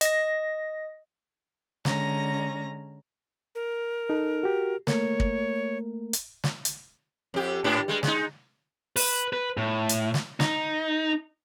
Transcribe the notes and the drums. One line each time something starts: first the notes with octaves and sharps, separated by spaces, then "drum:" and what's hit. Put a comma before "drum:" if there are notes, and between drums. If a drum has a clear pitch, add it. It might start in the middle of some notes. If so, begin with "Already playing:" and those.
D#5 A#6, drum: hi-hat
D3 G#3 C#4 A#5 A#6, drum: snare
A#4
D#4 A4
F#4 G4
A3 A#3 A#4 C#5, drum: snare
drum: kick
drum: hi-hat
drum: snare
drum: hi-hat
F2 G4
G#2 D4 G4
G3 G#3
G#3 D#4, drum: snare
B4, drum: open hi-hat
B4
A2
drum: hi-hat
drum: snare
D#4, drum: snare